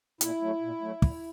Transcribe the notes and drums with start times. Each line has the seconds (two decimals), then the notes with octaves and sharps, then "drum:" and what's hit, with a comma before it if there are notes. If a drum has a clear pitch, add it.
0.21 A#2 E4, drum: hi-hat
0.42 F#3 A3
0.61 A#2
0.81 F#3 A3
1.02 A#2, drum: kick